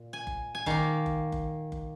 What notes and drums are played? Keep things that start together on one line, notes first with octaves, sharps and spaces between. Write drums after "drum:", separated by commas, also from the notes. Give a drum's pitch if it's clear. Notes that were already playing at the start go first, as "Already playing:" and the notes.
Already playing: A#2
G#5
drum: kick F#1
G#5
D#3 A#3 F5, drum: kick F#1
drum: kick F#1
drum: kick F#1
drum: kick F#1